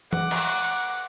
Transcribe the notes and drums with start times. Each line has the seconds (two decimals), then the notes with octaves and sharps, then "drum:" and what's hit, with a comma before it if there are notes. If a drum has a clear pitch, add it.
0.13 F#5 D6, drum: tom E3
0.31 drum: cymbal